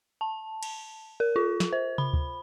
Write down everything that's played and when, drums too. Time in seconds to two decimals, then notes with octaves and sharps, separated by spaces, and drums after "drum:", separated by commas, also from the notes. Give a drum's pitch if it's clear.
0.21 A5
0.63 drum: cymbal
1.20 A#4
1.36 F4
1.60 drum: snare
1.73 C5
1.98 B5, drum: tom C3
2.13 drum: kick D2